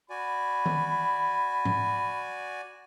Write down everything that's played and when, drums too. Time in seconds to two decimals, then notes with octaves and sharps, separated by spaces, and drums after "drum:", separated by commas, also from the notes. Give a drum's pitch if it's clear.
0.10 F#4 D5 G#5 B5
0.66 drum: tom D#3
1.65 drum: tom